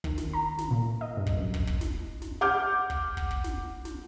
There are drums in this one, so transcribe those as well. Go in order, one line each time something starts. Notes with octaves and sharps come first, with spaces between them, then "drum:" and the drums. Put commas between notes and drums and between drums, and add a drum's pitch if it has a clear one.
D#3, drum: kick
drum: snare
A#5
drum: snare
A#2
D#5
G2
drum: kick
F#2
drum: kick
drum: kick
drum: snare
drum: snare
F#5 D6 F6 G6
drum: kick
drum: kick
drum: kick
drum: snare
drum: snare